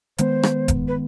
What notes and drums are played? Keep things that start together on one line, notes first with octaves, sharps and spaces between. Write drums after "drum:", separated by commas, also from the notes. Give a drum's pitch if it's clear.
D#3 G#3 B3 C5, drum: hi-hat
drum: rim click
drum: kick E1, hi-hat
B4